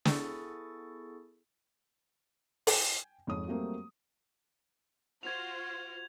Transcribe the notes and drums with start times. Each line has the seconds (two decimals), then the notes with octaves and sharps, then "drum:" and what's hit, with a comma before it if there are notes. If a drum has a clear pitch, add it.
0.05 B3 E4 G#4 A4 C#6 A6, drum: snare
2.67 G5 G#5, drum: open hi-hat
3.27 F2 G#2 C#5 D#6
3.47 F#3 G3 A3 A#3 C4
5.23 F4 F#4 C5 G#6 F7